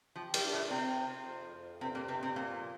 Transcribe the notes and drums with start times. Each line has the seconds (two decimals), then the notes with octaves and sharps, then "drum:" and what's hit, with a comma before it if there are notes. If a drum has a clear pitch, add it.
0.15 F3 G4
0.34 G3, drum: cymbal
0.43 D4
0.52 A2 A3
0.71 C3 C4 G4
0.98 C5
1.26 F2
1.54 F2
1.81 G2 C3 C4
1.95 A#2 A#3
2.08 G2 C3 C4
2.23 C3 C4
2.36 A#2 F3 A#3